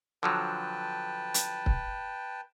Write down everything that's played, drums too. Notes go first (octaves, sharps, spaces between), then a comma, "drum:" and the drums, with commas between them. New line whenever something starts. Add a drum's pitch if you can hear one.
D3 F3 F#3 B4 G5 A5
drum: hi-hat
drum: kick C#1